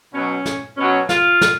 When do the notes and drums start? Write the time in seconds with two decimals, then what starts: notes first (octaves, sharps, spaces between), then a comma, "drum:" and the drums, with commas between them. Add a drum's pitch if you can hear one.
0.13 B2 F#3 C#4
0.46 drum: snare
0.77 B2 F#3 C#4
1.09 F4, drum: snare
1.41 drum: snare